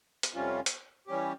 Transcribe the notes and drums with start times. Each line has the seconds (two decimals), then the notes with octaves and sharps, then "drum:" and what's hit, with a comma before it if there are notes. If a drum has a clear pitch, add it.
0.23 drum: hi-hat
0.35 F2 C3 G3 C#4 F4
0.66 drum: hi-hat
1.07 E3 G3 C#4 G4